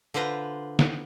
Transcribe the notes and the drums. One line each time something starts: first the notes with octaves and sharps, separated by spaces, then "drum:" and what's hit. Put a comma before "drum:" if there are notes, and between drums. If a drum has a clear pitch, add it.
D3 F4 B4 C5 A#5
drum: snare